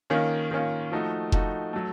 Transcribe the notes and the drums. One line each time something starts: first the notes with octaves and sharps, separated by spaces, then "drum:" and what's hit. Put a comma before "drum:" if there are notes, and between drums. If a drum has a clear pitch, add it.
D#3 A#3 C#4 F4
D#3 A#3 C#4 F4
F3 A3 D#4 F#4
F3 A3 D#4 F#4, drum: kick F1
F#3 A3